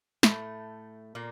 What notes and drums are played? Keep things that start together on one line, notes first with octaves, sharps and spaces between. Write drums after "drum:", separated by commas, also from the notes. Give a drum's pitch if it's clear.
A2 A3, drum: snare
A#2 A#3